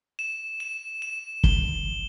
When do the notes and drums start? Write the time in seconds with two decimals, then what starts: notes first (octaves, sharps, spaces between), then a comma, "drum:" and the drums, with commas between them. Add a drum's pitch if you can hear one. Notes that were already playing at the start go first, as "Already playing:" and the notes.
0.19 E7
0.60 E7
1.02 E7
1.44 G7, drum: kick